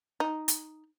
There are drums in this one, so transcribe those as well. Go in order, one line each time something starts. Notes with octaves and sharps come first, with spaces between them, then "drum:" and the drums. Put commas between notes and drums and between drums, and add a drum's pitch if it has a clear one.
D#4
drum: hi-hat